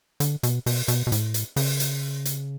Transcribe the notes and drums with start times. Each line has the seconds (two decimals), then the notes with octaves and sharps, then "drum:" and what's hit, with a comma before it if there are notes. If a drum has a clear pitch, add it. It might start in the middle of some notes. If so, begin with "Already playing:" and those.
0.20 D3, drum: hi-hat
0.43 B2, drum: hi-hat
0.66 B2, drum: open hi-hat
0.88 B2, drum: hi-hat
1.07 B2
1.12 A2, drum: hi-hat
1.34 drum: hi-hat
1.56 C#3, drum: open hi-hat
1.80 drum: hi-hat
2.25 drum: hi-hat